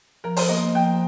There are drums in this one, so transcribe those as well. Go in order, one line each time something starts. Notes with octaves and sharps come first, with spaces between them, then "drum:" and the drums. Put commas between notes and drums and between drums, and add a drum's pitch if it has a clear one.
F3 A#4
C5, drum: open hi-hat
A#3 D#5
F3 G5